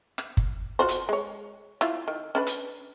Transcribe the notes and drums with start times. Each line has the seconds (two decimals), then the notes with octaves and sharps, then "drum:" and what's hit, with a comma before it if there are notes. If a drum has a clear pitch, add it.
0.18 drum: rim click
0.37 drum: kick F#1
0.79 F4 F#4 C5
0.88 drum: hi-hat
1.09 G#3 C#5
1.81 E4 F4, drum: rim click
2.08 D#3
2.35 C#4 D4 B4
2.47 drum: hi-hat